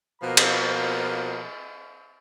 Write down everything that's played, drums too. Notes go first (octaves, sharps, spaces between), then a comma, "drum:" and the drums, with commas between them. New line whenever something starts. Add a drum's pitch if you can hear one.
B2 F3 A#3 A#5
drum: cymbal